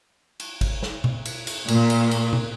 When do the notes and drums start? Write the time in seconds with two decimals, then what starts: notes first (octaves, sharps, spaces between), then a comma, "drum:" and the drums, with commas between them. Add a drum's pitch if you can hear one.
0.40 drum: cymbal
0.61 drum: kick, cymbal
0.83 drum: snare
1.04 drum: tom B2
1.25 drum: cymbal
1.47 drum: cymbal
1.68 A#2, drum: cymbal
1.90 drum: cymbal
2.11 drum: cymbal
2.33 drum: tom B2